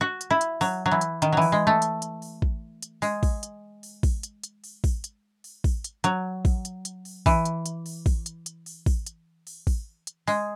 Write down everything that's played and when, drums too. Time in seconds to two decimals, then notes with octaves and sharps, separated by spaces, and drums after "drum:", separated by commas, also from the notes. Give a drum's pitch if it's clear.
0.01 F#4
0.21 drum: hi-hat
0.31 E4
0.41 drum: hi-hat
0.61 F#3, drum: open hi-hat
0.86 F#3
0.91 E3
1.01 drum: hi-hat
1.22 D#3, drum: hi-hat
1.33 E3 F#3
1.42 drum: open hi-hat
1.52 G#3
1.67 A3
1.82 drum: hi-hat
2.02 drum: hi-hat
2.22 drum: open hi-hat
2.42 drum: kick
2.82 drum: hi-hat
3.02 G#3, drum: open hi-hat
3.23 drum: kick, open hi-hat
3.43 drum: hi-hat
3.83 drum: open hi-hat
4.03 drum: kick, open hi-hat
4.23 drum: hi-hat
4.44 drum: hi-hat
4.64 drum: open hi-hat
4.84 drum: kick, open hi-hat
5.04 drum: hi-hat
5.44 drum: open hi-hat
5.64 drum: kick, open hi-hat
5.84 drum: hi-hat
6.04 F#3, drum: hi-hat
6.45 drum: kick, open hi-hat
6.65 drum: hi-hat
6.85 drum: hi-hat
7.05 drum: open hi-hat
7.26 E3, drum: kick, open hi-hat
7.45 drum: hi-hat
7.66 drum: hi-hat
7.86 drum: open hi-hat
8.06 drum: kick, open hi-hat
8.26 drum: hi-hat
8.46 drum: hi-hat
8.66 drum: open hi-hat
8.86 drum: kick, open hi-hat
9.06 drum: hi-hat
9.47 drum: open hi-hat
9.67 drum: kick, open hi-hat
10.07 drum: hi-hat
10.27 G#3, drum: open hi-hat